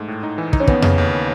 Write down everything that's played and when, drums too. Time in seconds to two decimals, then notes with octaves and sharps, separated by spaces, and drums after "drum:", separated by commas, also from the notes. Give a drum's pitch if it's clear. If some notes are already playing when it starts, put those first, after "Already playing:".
Already playing: G#2 A3
0.08 A2
0.23 D#4
0.38 E3
0.53 D#4, drum: kick
0.60 C#4
0.67 D#2 B3, drum: kick
0.82 C#3, drum: tom F2
0.98 D#2